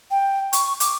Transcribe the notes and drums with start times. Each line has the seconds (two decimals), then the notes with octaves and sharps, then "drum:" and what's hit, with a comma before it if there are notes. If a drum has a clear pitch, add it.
0.11 G5
0.53 C#6, drum: hi-hat
0.80 D6, drum: hi-hat